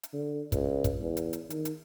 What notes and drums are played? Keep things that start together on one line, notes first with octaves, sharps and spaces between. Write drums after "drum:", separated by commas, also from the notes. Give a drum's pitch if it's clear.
drum: hi-hat
D3
C#2, drum: kick, hi-hat
drum: kick, hi-hat
E2
drum: hi-hat
drum: hi-hat
D#3, drum: hi-hat
drum: hi-hat